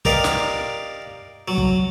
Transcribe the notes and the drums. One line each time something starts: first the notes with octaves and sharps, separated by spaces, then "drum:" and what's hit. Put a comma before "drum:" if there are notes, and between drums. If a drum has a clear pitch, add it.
G4 A#4 D5 D#5 F5, drum: kick
drum: snare
F#3
drum: kick